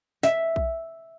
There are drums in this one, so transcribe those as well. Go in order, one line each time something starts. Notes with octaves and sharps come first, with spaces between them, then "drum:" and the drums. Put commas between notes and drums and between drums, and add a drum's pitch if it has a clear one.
E5, drum: snare
drum: kick B1